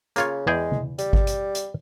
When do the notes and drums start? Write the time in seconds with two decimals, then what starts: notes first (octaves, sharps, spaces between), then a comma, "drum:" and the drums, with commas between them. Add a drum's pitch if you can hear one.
0.16 C#3 A#3 F4 C#5, drum: hi-hat
0.47 E2 G#3 G#4 G5
0.72 drum: tom C#3
0.98 G3, drum: hi-hat
1.13 drum: kick G#1
1.27 drum: hi-hat
1.55 drum: hi-hat